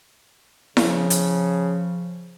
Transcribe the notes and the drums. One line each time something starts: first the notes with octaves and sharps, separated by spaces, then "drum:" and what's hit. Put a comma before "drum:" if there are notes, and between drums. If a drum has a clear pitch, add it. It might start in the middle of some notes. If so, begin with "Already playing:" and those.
C#3 F3, drum: snare E4
drum: hi-hat